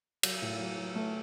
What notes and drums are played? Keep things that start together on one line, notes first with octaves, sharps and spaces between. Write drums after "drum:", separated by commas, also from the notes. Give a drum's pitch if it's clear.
F#3, drum: cymbal
A2
F#3
F#3
A3